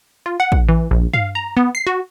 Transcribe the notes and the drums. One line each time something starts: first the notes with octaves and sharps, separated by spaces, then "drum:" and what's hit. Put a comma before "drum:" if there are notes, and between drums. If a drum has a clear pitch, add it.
F4
F#5
drum: kick
E3
A#1
F5, drum: tom G2
A#5
B3
C7
F#4